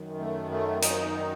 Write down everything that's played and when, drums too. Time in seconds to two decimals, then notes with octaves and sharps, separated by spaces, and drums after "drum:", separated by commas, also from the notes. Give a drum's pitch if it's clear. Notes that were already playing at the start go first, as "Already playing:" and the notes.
Already playing: F#2 D#3
0.20 A3
0.51 A3
0.82 D#4, drum: hi-hat